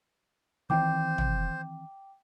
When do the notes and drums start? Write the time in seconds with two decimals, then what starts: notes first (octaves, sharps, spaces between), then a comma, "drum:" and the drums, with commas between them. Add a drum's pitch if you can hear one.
0.70 D#3 E3 C4 C5 G5 D6
1.18 drum: tom